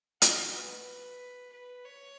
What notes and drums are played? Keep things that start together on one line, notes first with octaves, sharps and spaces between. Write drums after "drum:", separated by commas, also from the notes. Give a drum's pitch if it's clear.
F#4, drum: hi-hat
B4
B4
C#5